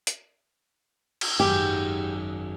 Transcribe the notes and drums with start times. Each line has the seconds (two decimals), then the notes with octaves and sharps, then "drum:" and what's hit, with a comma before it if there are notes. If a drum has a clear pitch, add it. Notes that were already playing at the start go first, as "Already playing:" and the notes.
0.07 drum: hi-hat
1.21 drum: cymbal
1.40 G#1 F#2 G4